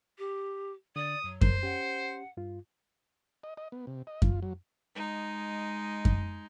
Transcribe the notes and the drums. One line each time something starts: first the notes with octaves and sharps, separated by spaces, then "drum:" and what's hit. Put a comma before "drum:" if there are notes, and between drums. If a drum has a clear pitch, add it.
G4
D3 D5 D#6
F#2 F#3
A#4 C5, drum: kick F#2
C#4 G4 F#5
G2 F4
D#5
D#5
B3
C3
D#5
F4, drum: kick F#2
F#3
G#3 D#4
drum: kick F#2